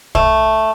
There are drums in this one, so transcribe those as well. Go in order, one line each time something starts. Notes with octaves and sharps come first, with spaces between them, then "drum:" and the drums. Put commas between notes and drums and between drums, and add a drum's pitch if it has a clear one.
A3, drum: kick